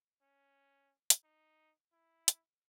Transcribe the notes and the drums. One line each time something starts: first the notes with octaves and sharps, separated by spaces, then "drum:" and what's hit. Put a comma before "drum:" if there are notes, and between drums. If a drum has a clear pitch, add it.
C#4
drum: hi-hat
D#4
E4
drum: hi-hat